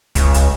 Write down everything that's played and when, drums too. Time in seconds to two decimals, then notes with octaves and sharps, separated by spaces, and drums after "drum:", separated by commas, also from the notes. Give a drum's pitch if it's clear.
0.15 C#2, drum: kick, hi-hat
0.34 drum: hi-hat